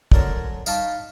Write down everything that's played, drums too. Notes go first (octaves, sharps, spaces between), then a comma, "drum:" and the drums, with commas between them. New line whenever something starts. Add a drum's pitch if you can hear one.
F#2 D3 C4 A#4 C#5 A5, drum: kick
D#4 F5 G5 A5 B5 C#6, drum: tambourine